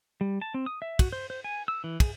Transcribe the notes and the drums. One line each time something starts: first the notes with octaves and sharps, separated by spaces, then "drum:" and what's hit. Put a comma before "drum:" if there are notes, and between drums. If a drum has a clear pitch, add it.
G3
A5
C4
D#6
E5
F#4, drum: kick, cymbal
C5
C5
G#5
E6
E3
G#4, drum: kick, cymbal